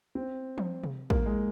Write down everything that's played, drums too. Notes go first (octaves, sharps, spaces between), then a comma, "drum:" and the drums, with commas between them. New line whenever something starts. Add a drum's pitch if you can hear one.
C4
drum: tom F3
drum: tom C3
A#3, drum: kick
G#3